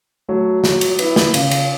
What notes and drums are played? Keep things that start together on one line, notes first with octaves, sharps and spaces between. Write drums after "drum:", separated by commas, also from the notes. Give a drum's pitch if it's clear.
F#3 A3
F#3, drum: snare
drum: cymbal
B3 E4, drum: cymbal
drum: snare
C#3, drum: cymbal
drum: cymbal